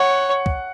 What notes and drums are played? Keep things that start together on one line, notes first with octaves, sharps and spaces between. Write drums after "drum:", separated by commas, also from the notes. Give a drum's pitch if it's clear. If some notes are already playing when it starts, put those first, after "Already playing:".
Already playing: C#5 F#5
drum: kick